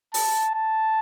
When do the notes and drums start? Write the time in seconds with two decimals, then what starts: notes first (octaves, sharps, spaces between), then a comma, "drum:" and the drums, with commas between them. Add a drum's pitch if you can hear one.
0.14 A5, drum: open hi-hat
0.54 A5